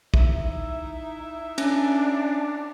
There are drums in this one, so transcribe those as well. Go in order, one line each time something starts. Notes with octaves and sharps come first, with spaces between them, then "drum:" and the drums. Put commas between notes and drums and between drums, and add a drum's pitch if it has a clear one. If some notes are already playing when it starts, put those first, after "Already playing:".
D#4 E4 E5, drum: kick
C#4 D4, drum: cymbal